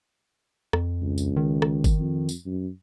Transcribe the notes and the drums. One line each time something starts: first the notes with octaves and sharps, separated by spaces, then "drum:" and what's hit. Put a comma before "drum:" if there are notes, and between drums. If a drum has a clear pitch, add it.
F2, drum: rim click
C#2
drum: tambourine
D#3
drum: rim click
drum: kick, tambourine
F2
drum: tambourine
F#2